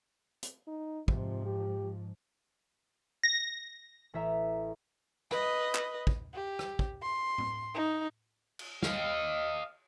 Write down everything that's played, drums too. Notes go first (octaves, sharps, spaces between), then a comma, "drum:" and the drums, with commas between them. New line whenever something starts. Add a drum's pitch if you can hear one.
drum: hi-hat
D#4
G#2 C3 F3, drum: kick
G4
A#6
A1 E5 A#5
B4 D#5, drum: rim click
drum: clap
drum: kick
G4
drum: rim click
drum: kick
C6
drum: tom A2
D#4
drum: cymbal
D#5 F5, drum: snare